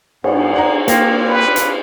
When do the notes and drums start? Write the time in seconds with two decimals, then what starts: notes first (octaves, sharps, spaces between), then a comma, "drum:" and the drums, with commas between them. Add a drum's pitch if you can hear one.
0.24 G2 B3, drum: cymbal
0.54 G#4 D5 F#5 A#5
0.88 A#3 C4 F4 G4 G5, drum: hi-hat
1.27 B4
1.56 drum: hi-hat